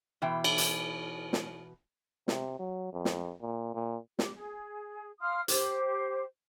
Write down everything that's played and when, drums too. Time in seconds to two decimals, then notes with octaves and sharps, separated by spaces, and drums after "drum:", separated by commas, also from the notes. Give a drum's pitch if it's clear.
0.22 B2 E3 G5
0.44 drum: cymbal
0.58 drum: hi-hat
1.33 drum: snare
2.28 C3, drum: snare
2.59 F#3
2.93 F2
3.05 drum: snare
3.41 A#2
3.74 A#2
4.19 G4, drum: snare
4.34 G#4
5.20 F5 C6 D#6 F6
5.48 G4 C5, drum: hi-hat